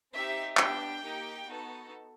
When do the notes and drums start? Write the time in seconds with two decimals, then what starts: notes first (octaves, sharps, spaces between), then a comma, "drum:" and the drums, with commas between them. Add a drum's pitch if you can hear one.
0.13 C4 D#4 G4 E5
0.57 B3 D4 G4 G5, drum: clap
1.02 A#3 D#4 G4
1.46 B3 D#4 F#4 A4